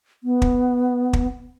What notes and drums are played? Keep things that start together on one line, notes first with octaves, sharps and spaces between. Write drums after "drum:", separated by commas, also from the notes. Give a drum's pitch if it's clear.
B3
drum: kick
drum: kick